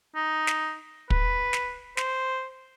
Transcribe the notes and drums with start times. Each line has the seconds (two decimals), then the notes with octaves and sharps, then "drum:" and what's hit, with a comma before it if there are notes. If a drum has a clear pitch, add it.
0.16 D#4
0.47 drum: snare
1.10 B4, drum: kick
1.53 drum: snare
1.97 C5, drum: snare